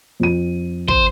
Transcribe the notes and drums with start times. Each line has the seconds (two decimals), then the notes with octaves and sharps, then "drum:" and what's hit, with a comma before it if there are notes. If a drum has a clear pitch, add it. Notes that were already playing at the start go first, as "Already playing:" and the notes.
0.20 F2 D#7
0.88 C5, drum: kick